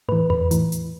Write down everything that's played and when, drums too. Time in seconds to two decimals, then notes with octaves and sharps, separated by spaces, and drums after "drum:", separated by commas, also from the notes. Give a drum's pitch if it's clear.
0.09 A2 E3 B4
0.30 B4, drum: tom E2
0.51 A2 E3, drum: hi-hat
0.72 drum: hi-hat